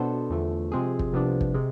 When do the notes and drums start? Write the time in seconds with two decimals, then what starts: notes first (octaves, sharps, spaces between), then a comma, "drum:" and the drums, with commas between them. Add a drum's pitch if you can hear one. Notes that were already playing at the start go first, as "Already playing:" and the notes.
Already playing: B2 B3 D4 A4 C5
0.30 E2 D3 F3 A3
0.72 C3 F3 G#3 C4 G#4
0.99 drum: kick
1.13 C2 C3 F3 B3 D4
1.41 drum: kick
1.54 C3 G#3